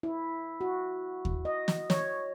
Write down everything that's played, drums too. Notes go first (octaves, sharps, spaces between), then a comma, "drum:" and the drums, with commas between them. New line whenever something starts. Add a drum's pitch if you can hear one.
E4
F#4
drum: kick D#2
D#5
drum: snare
C#5, drum: snare